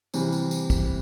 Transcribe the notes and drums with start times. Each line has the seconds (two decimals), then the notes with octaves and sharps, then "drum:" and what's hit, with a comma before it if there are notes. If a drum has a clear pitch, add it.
0.14 C3 E3 G3, drum: tambourine
0.32 drum: tambourine
0.51 drum: tambourine
0.70 drum: kick, tambourine